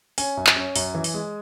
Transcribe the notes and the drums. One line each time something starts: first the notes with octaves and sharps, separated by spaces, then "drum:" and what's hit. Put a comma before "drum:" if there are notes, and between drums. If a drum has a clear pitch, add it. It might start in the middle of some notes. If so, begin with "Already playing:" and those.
C#4 G#5, drum: open hi-hat
F#2
drum: clap
C#4
F#2, drum: open hi-hat
E3
drum: open hi-hat
G#3